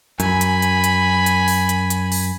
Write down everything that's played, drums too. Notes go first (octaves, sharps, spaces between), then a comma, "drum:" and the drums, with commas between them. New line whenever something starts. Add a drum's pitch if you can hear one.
F#2 G#5 B5, drum: hi-hat
drum: hi-hat
drum: hi-hat
drum: hi-hat
drum: hi-hat
drum: open hi-hat
drum: hi-hat
drum: hi-hat
drum: open hi-hat